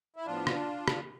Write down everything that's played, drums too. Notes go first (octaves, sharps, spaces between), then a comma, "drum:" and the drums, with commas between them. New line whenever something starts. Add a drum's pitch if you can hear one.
E4
A2 F3 B3 D4 F4
drum: rim click
drum: rim click